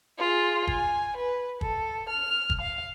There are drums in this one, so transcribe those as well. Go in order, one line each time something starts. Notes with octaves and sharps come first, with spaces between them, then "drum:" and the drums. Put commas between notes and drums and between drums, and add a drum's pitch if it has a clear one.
F4 G#4
G#5, drum: kick
B4
A4, drum: kick
F6
drum: kick
F5